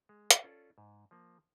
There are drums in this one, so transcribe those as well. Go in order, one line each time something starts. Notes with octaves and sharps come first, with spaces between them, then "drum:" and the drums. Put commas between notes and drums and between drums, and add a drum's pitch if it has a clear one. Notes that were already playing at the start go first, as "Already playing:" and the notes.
G#3
drum: hi-hat
C#4 F4 A4 D5
G#2
F3 A#3